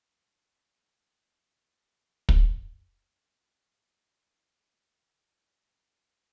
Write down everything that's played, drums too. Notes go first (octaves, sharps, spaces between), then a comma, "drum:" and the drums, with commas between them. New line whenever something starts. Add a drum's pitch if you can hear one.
B5
G4
B4 E5
drum: kick
F4
A2
E4